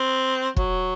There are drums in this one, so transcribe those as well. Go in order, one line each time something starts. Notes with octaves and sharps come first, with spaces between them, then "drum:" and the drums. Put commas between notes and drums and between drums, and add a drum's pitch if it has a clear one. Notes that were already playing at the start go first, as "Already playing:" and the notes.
Already playing: C4
F#3, drum: kick